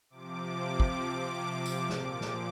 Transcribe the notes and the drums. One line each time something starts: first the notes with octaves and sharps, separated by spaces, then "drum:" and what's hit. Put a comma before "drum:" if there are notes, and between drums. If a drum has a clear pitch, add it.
C3 F3 D6
drum: kick
drum: tambourine
A#2 F3 D6, drum: snare
drum: snare